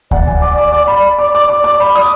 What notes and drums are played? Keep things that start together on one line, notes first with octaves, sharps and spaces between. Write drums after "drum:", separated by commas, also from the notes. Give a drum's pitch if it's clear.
D5 F#5, drum: kick D2
G#5
D6
D6
D6
B5
D6
D6
D6
D6
B5
D#6